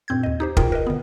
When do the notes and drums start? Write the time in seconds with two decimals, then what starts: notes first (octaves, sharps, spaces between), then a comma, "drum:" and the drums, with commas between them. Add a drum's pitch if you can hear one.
0.08 G2 A#2 C4 G6 G#6
0.23 D#2 D#5
0.40 D#4 G4 C5
0.57 B2 D#4 F4 G#4 A#4 G5, drum: kick
0.72 A#4 B4 D#5
0.87 D3 B3